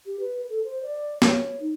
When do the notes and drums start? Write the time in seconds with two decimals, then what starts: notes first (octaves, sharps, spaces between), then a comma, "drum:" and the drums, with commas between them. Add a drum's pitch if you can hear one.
0.06 G4
0.20 B4
0.49 A4
0.64 C5
0.83 D5
1.22 C#5, drum: snare
1.60 D#4